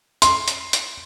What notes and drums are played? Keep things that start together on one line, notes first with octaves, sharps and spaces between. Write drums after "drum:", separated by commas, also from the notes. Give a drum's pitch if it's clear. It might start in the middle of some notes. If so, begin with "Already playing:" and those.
C6, drum: hi-hat
drum: hi-hat
drum: hi-hat